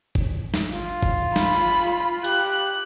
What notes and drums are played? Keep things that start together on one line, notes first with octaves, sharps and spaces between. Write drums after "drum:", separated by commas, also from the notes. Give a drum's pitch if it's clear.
drum: kick
drum: snare
F4
drum: kick
B5, drum: snare
G4 F#6, drum: hi-hat